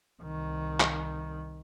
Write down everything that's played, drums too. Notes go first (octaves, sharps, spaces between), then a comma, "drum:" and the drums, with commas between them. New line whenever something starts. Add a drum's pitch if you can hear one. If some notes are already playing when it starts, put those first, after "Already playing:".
C2 D#3
drum: clap